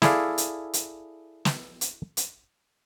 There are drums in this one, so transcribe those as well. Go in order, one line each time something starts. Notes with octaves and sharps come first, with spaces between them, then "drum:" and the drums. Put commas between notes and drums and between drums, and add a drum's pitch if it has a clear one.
E4 G#4 A4 D5 F5, drum: snare
drum: hi-hat
drum: hi-hat
drum: snare
drum: hi-hat
drum: hi-hat